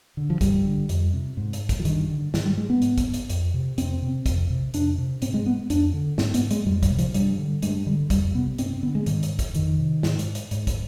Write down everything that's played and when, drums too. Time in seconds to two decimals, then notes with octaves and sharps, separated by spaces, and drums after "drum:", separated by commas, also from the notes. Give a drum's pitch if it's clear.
0.17 D3
0.30 F3
0.41 G2 G3, drum: kick, hi-hat
0.65 D3
0.89 F2, drum: hi-hat
1.13 C3
1.37 G#2
1.53 drum: hi-hat
1.69 drum: kick, hi-hat
1.80 F3
1.85 G2 D#3, drum: hi-hat
2.09 D3
2.34 G#2 D#3, drum: snare
2.45 G3
2.57 G#3
2.70 B3
2.82 G#2, drum: hi-hat
2.98 drum: kick, hi-hat
3.14 drum: hi-hat
3.30 F2, drum: hi-hat
3.54 C3
3.78 F2 C4, drum: hi-hat
4.02 C3
4.26 F2, drum: kick, hi-hat
4.50 C3
4.74 F2 D4, drum: hi-hat
4.98 C3
5.22 G#2 C4, drum: hi-hat
5.34 G#3
5.46 B3
5.70 F2 D4, drum: hi-hat
5.94 D3
6.18 G#2 C4, drum: snare
6.34 B3, drum: hi-hat
6.51 G#3, drum: hi-hat
6.66 F2 G3
6.83 G3, drum: kick, hi-hat
6.90 C3
6.99 F3, drum: hi-hat
7.14 G2 G3, drum: hi-hat
7.38 D3
7.62 G2 G#3, drum: hi-hat
7.87 D3 G3
8.10 F2 G3, drum: kick, hi-hat
8.34 C3 B3
8.58 G2 C4, drum: hi-hat
8.70 C4
8.83 D3 B3
8.95 G#3
9.06 G#2 D#3, drum: hi-hat
9.23 drum: hi-hat
9.39 drum: kick, hi-hat
9.55 F2 D#3, drum: hi-hat
9.79 C3
10.03 G#2, drum: snare
10.19 drum: hi-hat
10.35 drum: hi-hat
10.51 G#2, drum: hi-hat
10.67 drum: kick, hi-hat